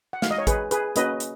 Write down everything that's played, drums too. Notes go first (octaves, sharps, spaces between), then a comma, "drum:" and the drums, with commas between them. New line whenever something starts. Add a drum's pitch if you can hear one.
F#5
G#3 D#4 F#4 F5, drum: snare
D#5
C#5
G#4 B4, drum: kick, hi-hat
G#4 B4, drum: hi-hat
A#3 C#4 F#4 B4 D#5, drum: hi-hat
drum: hi-hat